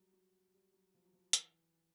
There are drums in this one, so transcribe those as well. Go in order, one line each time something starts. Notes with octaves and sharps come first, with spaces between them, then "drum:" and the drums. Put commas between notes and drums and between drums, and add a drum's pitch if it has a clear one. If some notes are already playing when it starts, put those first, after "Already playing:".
Already playing: F#3 G3
F#3
G3
F#3
F3
F#3
F3
E3, drum: hi-hat